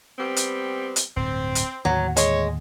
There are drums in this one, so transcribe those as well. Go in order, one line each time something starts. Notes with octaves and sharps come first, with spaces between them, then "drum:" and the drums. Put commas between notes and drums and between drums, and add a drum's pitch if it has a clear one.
G3 B3 C4
drum: hi-hat
drum: hi-hat
D1 G2 C4
drum: hi-hat
D#2 A2 D3 F#3
G#3 C#5, drum: hi-hat